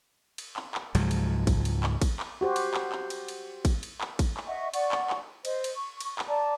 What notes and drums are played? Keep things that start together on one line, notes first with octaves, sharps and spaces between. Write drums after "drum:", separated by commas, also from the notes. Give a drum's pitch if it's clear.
drum: cymbal
drum: clap
drum: clap
C#2 G#2 F3 F#3, drum: cymbal
drum: cymbal
drum: kick A1, cymbal
drum: cymbal
drum: clap
drum: kick A1, cymbal
drum: clap
F#4 G4 C5
drum: cymbal
drum: clap
drum: clap
drum: cymbal
drum: cymbal
drum: kick A1, cymbal
drum: cymbal
drum: clap
drum: kick A1, cymbal
drum: clap
D#5 E5 F#5 C#6
D5 F#5 C#6, drum: cymbal
drum: clap
drum: clap
C5 D#5, drum: cymbal
drum: cymbal
C#6
drum: cymbal
drum: clap
D5 A5 A#5 D6